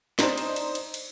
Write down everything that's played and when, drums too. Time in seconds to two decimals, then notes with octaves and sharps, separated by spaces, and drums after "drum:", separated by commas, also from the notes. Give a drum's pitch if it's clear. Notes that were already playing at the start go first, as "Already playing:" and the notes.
0.19 D4 D#4 C5, drum: snare
0.37 drum: cymbal
0.56 drum: cymbal
0.75 drum: cymbal
0.94 drum: cymbal